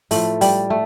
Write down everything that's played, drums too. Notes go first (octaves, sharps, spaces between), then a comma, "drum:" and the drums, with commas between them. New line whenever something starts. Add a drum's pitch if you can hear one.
A2 F3 A3, drum: open hi-hat
G3, drum: open hi-hat
A3